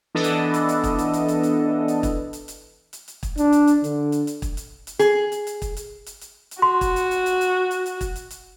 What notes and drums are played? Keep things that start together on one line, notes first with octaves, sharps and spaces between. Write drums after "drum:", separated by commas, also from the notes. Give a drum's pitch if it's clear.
E3 B3 D4 A4 D#5
drum: hi-hat
drum: hi-hat
drum: hi-hat
drum: kick, hi-hat
drum: hi-hat
drum: hi-hat
drum: hi-hat
drum: hi-hat
drum: hi-hat
drum: kick, hi-hat
drum: hi-hat
drum: hi-hat
drum: hi-hat
drum: hi-hat
drum: kick, hi-hat
D4, drum: hi-hat
drum: hi-hat
drum: hi-hat
D3, drum: hi-hat
drum: hi-hat
drum: hi-hat
drum: kick, hi-hat
drum: hi-hat
drum: hi-hat
G#4, drum: hi-hat
drum: hi-hat
drum: hi-hat
drum: kick, hi-hat
drum: hi-hat
drum: hi-hat
drum: hi-hat
drum: hi-hat
F#4 C6
drum: kick, hi-hat
drum: hi-hat
drum: hi-hat
drum: hi-hat
drum: hi-hat
drum: hi-hat
drum: hi-hat
drum: kick, hi-hat
drum: hi-hat
drum: hi-hat